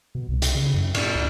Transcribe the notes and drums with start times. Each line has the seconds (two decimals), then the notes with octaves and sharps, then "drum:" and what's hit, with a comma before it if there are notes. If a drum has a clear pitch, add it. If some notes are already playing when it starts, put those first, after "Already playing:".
0.15 B2
0.28 C2
0.42 C2, drum: hi-hat
0.55 C#3
0.74 F#2
0.95 A#2, drum: cymbal
1.15 D2